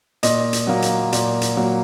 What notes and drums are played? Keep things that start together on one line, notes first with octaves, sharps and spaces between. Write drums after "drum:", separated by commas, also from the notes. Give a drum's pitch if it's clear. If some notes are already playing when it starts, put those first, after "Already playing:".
A#2 D#5, drum: hi-hat
drum: hi-hat
F#3 A#3
drum: hi-hat
A#2, drum: hi-hat
drum: hi-hat
F#3 A#3